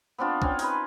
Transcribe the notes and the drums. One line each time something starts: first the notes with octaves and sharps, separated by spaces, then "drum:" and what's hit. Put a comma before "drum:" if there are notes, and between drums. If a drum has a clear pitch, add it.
B3 C4 D4 F4
C4 C#4 F4, drum: kick
D#4 G#4 B4, drum: open hi-hat